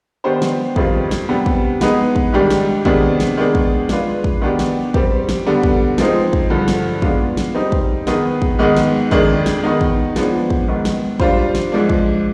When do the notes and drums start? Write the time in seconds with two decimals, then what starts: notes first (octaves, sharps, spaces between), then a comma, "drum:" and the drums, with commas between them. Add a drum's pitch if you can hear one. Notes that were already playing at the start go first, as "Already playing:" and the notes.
0.24 D#3 B3 D4 G4 C5
0.42 drum: snare
0.76 F2 D#3 G3 C4 F4, drum: kick
1.11 drum: snare
1.29 C3 G3 B3 D4 G4
1.46 drum: kick
1.81 G#3 B3 D#4 B4, drum: snare
2.16 drum: kick
2.33 G#2 D#3 G3 D4 G4
2.50 drum: snare
2.85 C3 D#3 B3 D4 G#4, drum: kick
3.20 drum: snare
3.37 D#3 G#3 B3 D4 G#4
3.55 drum: kick
3.89 G#3 D4 F4 B4, drum: snare
4.24 drum: kick
4.42 D#3 B3 D4 G4
4.59 drum: snare
4.94 G3 C4 G4, drum: kick
5.29 drum: snare
5.46 D3 G3 B3 D4
5.63 drum: kick
5.98 F3 G#3 C4 D#4, drum: snare
6.33 drum: kick
6.50 G2 D3 F3
6.68 drum: snare
7.02 G#3 B3 D4 F4, drum: kick
7.37 drum: snare
7.54 G3 C4 D#4
7.72 drum: kick
8.07 D#3 B3 D#4 G#4 B4, drum: snare
8.42 drum: kick
8.59 G#2 D#3 G#3 B3 D#4
8.76 drum: snare
9.11 F2 D#3 G#3 D4 G#4, drum: kick
9.46 drum: snare
9.63 D#3 B3 D#4
9.81 drum: kick
10.16 F3 G#3 B3 D4, drum: snare
10.50 drum: kick
10.68 G#2 D#3 B3
10.85 drum: snare
11.20 G3 D4 F4 C5, drum: kick
11.55 drum: snare
11.72 G#2 F3 G#3 D4
11.89 drum: kick